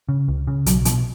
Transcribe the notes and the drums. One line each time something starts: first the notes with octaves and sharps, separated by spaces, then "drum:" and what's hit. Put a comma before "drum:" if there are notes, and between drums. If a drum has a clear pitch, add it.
C#3
C#2
C#3
B1 F#3, drum: hi-hat
B2 F3, drum: hi-hat